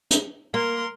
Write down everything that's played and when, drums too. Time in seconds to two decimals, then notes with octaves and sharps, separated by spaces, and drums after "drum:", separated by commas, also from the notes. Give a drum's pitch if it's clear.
0.11 drum: hi-hat
0.54 A#3 A#4 C6